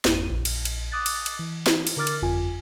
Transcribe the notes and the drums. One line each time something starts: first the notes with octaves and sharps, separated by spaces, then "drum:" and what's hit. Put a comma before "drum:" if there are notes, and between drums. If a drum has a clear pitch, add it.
G#1 F2 A#3 D#7, drum: snare
A#1
drum: cymbal
drum: cymbal
D6 D#6 F#6 A6
drum: cymbal
drum: cymbal
E3
drum: snare
drum: cymbal
D3 A#4 D6 F6 A6
drum: cymbal
G1 F2 F4 G#5